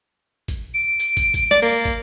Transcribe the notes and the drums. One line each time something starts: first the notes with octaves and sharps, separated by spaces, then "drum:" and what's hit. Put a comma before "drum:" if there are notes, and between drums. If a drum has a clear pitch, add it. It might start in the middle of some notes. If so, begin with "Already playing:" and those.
drum: kick, hi-hat
D7
drum: hi-hat
drum: kick, hi-hat
drum: kick, hi-hat
D5, drum: snare
A#3
drum: kick, hi-hat